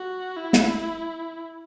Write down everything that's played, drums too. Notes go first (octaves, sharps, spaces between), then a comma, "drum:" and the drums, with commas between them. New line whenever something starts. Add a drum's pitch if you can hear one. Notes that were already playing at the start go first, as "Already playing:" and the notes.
Already playing: F#4
E4
drum: snare